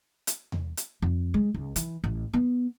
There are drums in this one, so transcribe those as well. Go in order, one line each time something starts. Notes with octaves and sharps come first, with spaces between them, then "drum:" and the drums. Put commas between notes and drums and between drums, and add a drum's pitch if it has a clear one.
drum: hi-hat
drum: tom E2
drum: hi-hat
F2
G#3
C#2
E3, drum: hi-hat
A1
B3